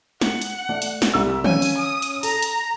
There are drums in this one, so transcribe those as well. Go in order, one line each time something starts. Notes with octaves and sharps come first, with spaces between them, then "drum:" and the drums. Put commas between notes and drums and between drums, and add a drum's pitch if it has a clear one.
F#5, drum: snare
drum: hi-hat
A3 D5
drum: hi-hat
drum: snare
C2 E6
C#4 F5 G#5, drum: tom
drum: open hi-hat
D#6
drum: hi-hat
A4 A#5, drum: open hi-hat
drum: hi-hat